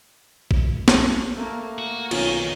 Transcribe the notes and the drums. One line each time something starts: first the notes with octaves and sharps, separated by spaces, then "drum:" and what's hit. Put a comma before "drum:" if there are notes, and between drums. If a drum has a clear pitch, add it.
drum: kick A1
drum: snare
A3 A#3
F#4
B1 D#3 C#4 D#4 F4, drum: cymbal